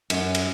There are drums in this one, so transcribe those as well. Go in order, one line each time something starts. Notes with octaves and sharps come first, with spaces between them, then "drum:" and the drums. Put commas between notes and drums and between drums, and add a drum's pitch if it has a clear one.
F#2, drum: cymbal
drum: cymbal